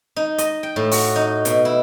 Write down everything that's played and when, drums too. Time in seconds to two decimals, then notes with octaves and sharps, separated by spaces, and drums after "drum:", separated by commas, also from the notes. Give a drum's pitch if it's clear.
0.16 D#4
0.38 D#5, drum: hi-hat
0.63 G5
0.76 A2
0.91 F#4, drum: open hi-hat
1.16 D#4
1.45 B2, drum: hi-hat
1.65 E4